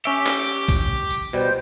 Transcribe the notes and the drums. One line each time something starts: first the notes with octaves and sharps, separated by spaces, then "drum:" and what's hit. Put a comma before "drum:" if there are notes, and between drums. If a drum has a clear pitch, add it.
C#4 G4 E5
drum: clap
drum: kick A#1, tambourine
drum: tambourine
B2 G3 C5